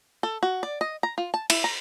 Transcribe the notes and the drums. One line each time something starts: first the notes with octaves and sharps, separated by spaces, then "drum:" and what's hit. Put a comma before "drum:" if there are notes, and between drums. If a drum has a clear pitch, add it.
A4
F#4
D5
D#5
A#5
F4
A5
E4, drum: cymbal
A#5